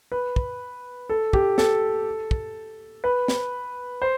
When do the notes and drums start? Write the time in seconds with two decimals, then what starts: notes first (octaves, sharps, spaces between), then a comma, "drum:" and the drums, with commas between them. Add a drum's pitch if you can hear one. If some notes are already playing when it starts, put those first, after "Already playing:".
0.12 B4
0.36 drum: kick
1.09 A4
1.33 G4, drum: kick
1.58 A4, drum: snare
2.31 drum: kick
3.04 B4
3.28 drum: snare
4.02 C5